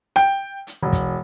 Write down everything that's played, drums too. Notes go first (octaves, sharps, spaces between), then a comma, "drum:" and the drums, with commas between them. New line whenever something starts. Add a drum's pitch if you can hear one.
G5, drum: rim click
drum: hi-hat
E1
drum: kick, hi-hat